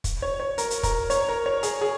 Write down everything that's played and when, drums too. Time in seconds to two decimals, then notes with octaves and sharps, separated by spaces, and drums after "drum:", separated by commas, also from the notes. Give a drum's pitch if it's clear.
0.04 drum: kick, hi-hat
0.22 C#5
0.40 C#5
0.58 A#4, drum: hi-hat
0.70 drum: hi-hat
0.83 A#4, drum: kick, hi-hat
1.10 C#5, drum: hi-hat
1.29 A#4
1.46 C#5
1.63 G#4, drum: hi-hat
1.81 G#4